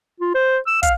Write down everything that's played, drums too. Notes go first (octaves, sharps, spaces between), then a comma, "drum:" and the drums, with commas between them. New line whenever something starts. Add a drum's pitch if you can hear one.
F4
C5
E6
F5, drum: kick, hi-hat